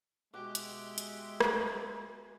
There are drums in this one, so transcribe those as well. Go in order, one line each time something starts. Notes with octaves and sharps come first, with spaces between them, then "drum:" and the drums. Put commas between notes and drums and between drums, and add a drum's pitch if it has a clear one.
B2 G#3 G4 E5 F#5 D6
drum: hi-hat
drum: hi-hat
drum: rim click